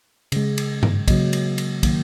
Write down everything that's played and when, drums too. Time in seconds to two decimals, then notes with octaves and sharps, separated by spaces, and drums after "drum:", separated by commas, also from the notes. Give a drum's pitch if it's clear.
0.32 C#3 G#3, drum: cymbal
0.58 drum: cymbal
0.83 drum: tom G2
1.08 C#3 F#3 A#3 D#5, drum: kick, cymbal
1.33 drum: cymbal
1.58 drum: cymbal
1.83 D#3 F#3 A#3, drum: kick, cymbal